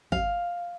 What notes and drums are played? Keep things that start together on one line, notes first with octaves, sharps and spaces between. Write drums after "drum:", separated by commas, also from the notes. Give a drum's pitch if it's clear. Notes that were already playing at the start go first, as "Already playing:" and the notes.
F5, drum: kick